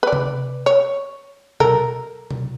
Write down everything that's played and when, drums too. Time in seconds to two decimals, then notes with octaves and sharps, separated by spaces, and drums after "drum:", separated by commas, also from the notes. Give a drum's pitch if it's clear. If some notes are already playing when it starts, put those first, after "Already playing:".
0.03 B4 D5
0.13 drum: tom C3
0.66 C#5
1.60 A4 A#4, drum: tom B2
2.31 drum: tom B2